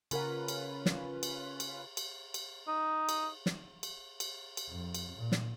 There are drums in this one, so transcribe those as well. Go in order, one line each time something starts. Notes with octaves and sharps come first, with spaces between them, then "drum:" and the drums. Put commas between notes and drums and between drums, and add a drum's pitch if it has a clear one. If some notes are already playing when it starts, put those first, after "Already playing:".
C#3 C#4 F4 A#4 B4 F#5, drum: cymbal
drum: cymbal
drum: snare
drum: cymbal
drum: cymbal
drum: cymbal
drum: cymbal
D#4
drum: cymbal
drum: snare
drum: cymbal
drum: cymbal
drum: cymbal
F2
drum: cymbal
A#2
drum: snare